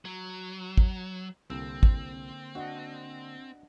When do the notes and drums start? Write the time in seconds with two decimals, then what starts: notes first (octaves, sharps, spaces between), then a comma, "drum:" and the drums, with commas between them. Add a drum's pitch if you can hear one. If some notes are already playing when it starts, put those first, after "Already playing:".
0.05 F#3
0.78 drum: kick
1.50 C2 D3 A#3 C4 E6
1.83 drum: kick
2.55 D4 F#4 D#5 F#5